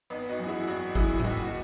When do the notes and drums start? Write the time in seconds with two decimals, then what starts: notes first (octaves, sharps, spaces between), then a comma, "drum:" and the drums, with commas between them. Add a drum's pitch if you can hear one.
0.10 G#1 B3 D#4
0.29 D#4 F#4
0.39 F#2 E3
0.48 E4 G#4
0.67 G#1 D#4 F#4
0.95 F#2 E3 E4 G#4, drum: kick
1.20 E4, drum: tom A2
1.24 D#2 D#4 F#4
1.48 F#4